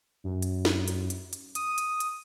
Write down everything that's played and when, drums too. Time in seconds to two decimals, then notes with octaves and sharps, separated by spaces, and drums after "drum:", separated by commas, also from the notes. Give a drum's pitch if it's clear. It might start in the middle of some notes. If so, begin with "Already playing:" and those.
0.24 F#2
0.42 drum: hi-hat
0.65 drum: snare
0.88 drum: hi-hat
1.10 drum: hi-hat
1.33 drum: hi-hat
1.55 D#6, drum: hi-hat
1.78 drum: hi-hat
2.00 drum: hi-hat